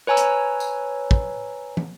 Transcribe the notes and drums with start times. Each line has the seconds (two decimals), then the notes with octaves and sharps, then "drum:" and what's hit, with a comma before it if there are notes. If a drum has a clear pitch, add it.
0.07 B4 C#5 G#5 A#5 E6
0.17 drum: hi-hat
0.60 drum: tambourine
1.11 drum: kick
1.77 drum: tom